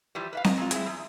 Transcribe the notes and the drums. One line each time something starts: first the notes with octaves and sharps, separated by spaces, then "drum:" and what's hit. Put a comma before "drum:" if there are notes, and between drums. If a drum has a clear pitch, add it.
E3 F3 G3
B4 E5 F5
D#5, drum: snare C4
A#2 F4
G#3 C4 E4, drum: hi-hat
E2